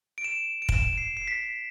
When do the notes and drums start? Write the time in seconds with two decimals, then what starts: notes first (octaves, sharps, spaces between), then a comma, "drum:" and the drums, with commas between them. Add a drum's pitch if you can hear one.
0.18 D7
0.24 E7
0.62 D7
0.69 E7, drum: kick
0.98 C7
1.17 C7
1.28 B6